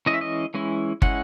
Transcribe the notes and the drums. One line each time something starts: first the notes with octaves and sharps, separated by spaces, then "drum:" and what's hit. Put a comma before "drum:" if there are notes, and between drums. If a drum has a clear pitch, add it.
E3 G#3 C#4 E4 D#5
E5
D#5
E3 G#3 C#4 E4
G#3 C#4 E4 F#5, drum: kick